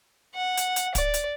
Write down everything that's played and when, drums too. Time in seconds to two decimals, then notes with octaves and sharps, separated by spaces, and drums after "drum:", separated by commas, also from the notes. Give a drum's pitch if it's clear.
0.34 F#5
0.57 drum: hi-hat
0.76 drum: hi-hat
0.95 D5, drum: kick, hi-hat
1.14 drum: hi-hat